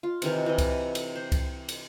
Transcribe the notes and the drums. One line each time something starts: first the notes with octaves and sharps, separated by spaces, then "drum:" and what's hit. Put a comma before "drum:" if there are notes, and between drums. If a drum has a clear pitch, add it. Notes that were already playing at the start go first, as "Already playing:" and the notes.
F4
C3 D#3 E3 A#4, drum: cymbal
E3 D#5
drum: kick C2, cymbal
drum: cymbal
C5
drum: kick C2, cymbal
drum: cymbal